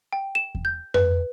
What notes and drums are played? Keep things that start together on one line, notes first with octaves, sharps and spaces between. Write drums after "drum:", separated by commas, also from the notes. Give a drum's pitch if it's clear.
G5
E7
drum: kick E2
G6
B4, drum: tom F2